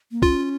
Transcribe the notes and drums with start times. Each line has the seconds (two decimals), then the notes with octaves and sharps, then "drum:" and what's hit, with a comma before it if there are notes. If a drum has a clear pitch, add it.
0.11 A#3
0.22 C#4 F4, drum: kick